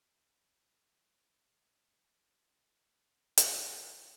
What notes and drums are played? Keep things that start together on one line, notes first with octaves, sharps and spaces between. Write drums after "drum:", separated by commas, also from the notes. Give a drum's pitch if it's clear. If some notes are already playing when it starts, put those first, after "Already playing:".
Already playing: D#4
C#3 F3 G#3
G#4
C#3 G#3 C#4 F#4 C5
F#4
C#5
D#5
F#3 A#3 C#4 G#4 F#5
drum: hi-hat
C3 F#3 C4